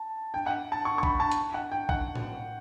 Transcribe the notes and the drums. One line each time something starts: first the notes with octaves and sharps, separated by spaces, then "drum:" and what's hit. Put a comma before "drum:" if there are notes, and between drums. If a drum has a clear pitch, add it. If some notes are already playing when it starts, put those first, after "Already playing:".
Already playing: A5
G5
F#5
A5
C#6
C#6
B5, drum: kick A#1
A5
drum: hi-hat
F#5
G5
F#5, drum: kick A#1
drum: tom A2